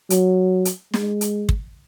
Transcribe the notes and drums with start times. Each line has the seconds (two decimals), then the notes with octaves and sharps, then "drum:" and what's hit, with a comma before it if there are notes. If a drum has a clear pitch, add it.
0.10 F#3, drum: hi-hat
0.65 drum: hi-hat
0.94 G#3, drum: snare
1.21 drum: hi-hat
1.49 drum: kick